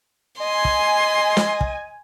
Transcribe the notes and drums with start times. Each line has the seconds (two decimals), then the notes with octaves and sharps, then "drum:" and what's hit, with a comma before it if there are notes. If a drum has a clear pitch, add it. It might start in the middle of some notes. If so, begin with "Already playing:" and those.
0.41 D#5 G#5 C6
0.65 drum: kick
1.37 drum: snare
1.61 drum: kick